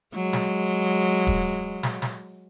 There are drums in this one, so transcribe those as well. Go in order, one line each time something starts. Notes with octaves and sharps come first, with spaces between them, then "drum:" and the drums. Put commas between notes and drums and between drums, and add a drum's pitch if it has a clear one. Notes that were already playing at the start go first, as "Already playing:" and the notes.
F#3 G#3
drum: snare
drum: kick
drum: snare
drum: snare